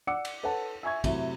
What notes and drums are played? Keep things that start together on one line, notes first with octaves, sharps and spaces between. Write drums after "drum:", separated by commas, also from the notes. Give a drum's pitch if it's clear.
D5 F#5 D6 E6 C#7
drum: cymbal
A4 B4 C#5 F#5 A5
E5 G#5 C#6 G#6
C3 F#3 A3 E4, drum: kick, cymbal